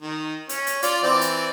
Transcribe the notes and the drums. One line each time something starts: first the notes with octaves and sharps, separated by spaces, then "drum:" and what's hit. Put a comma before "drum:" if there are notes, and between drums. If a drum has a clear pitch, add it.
D#3
C#4, drum: hi-hat
drum: hi-hat
F4 D5, drum: hi-hat
E3 C4 D5
drum: hi-hat